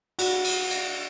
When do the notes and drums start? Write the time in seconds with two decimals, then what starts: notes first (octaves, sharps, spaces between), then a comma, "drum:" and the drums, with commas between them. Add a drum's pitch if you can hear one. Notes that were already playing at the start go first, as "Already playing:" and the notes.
0.19 F#4, drum: cymbal
0.44 drum: cymbal
0.70 drum: cymbal